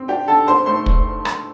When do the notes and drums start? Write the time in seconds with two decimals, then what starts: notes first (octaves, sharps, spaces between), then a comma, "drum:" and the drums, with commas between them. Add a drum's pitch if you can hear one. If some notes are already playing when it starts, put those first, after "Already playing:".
Already playing: C4
0.08 D4 G4 G5
0.28 D3 A4 A5
0.47 G2 C5 C6
0.66 A3 C5 C6
0.86 drum: kick
1.25 drum: rim click